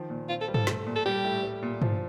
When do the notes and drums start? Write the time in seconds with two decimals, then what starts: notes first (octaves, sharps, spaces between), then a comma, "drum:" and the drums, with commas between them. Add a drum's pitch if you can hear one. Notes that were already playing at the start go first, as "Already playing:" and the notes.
Already playing: D#3 F3
0.10 A#2
0.29 C4 F4
0.41 A4
0.48 G3
0.54 A4, drum: tom
0.67 A3, drum: snare
0.86 A#2
0.96 A4
1.06 G3 G4
1.24 A2
1.43 G3
1.62 A#2
1.82 F3, drum: tom